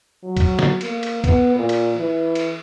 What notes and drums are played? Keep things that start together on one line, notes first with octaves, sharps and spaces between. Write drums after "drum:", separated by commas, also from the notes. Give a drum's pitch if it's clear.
F#3
drum: kick, cymbal
drum: snare
A#3, drum: cymbal
drum: cymbal
B3, drum: kick, cymbal
A#2
drum: cymbal
E3
drum: cymbal